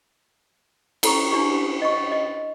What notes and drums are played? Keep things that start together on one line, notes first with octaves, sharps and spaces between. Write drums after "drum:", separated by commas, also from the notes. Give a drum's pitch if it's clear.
E4 A4 A#5 C#6, drum: cymbal
D4 E4 G4 C#6
G4
D#5 C#6
D#5